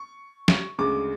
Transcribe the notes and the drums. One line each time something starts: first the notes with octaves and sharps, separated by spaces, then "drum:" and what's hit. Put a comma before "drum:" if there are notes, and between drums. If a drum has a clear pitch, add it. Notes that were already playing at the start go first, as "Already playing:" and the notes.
Already playing: C#6
drum: snare
D2 C#3 G#3 D6